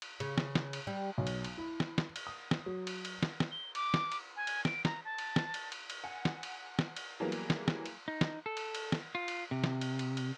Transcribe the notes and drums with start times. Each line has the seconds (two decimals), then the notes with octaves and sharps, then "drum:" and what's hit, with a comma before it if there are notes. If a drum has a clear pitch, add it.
0.02 drum: cymbal
0.20 C#3, drum: cymbal
0.38 drum: snare
0.55 drum: snare
0.73 drum: cymbal
0.87 G3
1.18 B1
1.27 drum: cymbal
1.44 drum: cymbal
1.58 E4
1.80 drum: snare
1.98 drum: snare
2.16 drum: cymbal
2.27 D#6
2.51 drum: snare
2.66 F#3
2.87 drum: cymbal
3.05 drum: cymbal
3.23 drum: snare
3.40 drum: snare
3.52 G7
3.75 D6, drum: cymbal
3.94 drum: snare
4.12 drum: cymbal
4.36 G#5
4.47 drum: cymbal
4.65 D7, drum: snare
4.85 A#5, drum: snare
5.05 A5
5.18 drum: cymbal
5.36 drum: snare
5.54 drum: cymbal
5.72 drum: cymbal
5.90 drum: cymbal
6.04 F#5 G#5
6.25 drum: snare
6.43 drum: cymbal
6.79 drum: snare
6.97 drum: cymbal
7.20 E3 F#3 G3 A#3 B3 G#4
7.32 drum: cymbal
7.50 drum: snare
7.68 drum: snare
7.86 drum: cymbal
8.08 D#4
8.21 drum: snare
8.46 A4
8.57 drum: cymbal
8.75 drum: cymbal
8.92 drum: snare
9.15 F4
9.28 drum: cymbal
9.51 C3
9.64 drum: snare
9.81 drum: cymbal
9.99 drum: cymbal
10.17 drum: cymbal